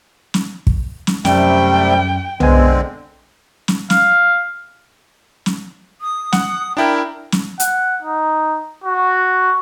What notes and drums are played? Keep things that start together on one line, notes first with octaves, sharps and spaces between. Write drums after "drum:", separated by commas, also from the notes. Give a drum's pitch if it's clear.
drum: snare
drum: kick
drum: snare
F#2 C3 G3 A3 G5, drum: snare
D3 G#3 B3 C4 G#5, drum: tom B1
drum: snare
F5, drum: snare
drum: snare
D#6
F#5, drum: snare
D4 E4 A#4 G5
drum: snare
F#5, drum: hi-hat
D#4
F#4